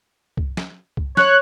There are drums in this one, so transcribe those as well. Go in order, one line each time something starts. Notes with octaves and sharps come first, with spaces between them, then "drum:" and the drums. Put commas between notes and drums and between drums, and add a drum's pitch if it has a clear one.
drum: kick C2
drum: snare
drum: kick C2
C#5 F#6, drum: snare